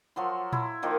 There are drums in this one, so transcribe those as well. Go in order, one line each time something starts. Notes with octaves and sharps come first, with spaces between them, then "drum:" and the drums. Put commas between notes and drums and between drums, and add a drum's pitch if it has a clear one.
F3 F#3 C6
E4, drum: tom A#2
D#3 F3 A#3 D#4